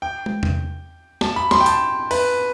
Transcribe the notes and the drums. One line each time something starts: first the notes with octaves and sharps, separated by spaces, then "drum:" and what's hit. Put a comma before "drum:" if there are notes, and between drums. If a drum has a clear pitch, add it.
G5
drum: tom
drum: tom E2
A5, drum: snare
B5
C6, drum: snare
G5
A5, drum: hi-hat
B4, drum: open hi-hat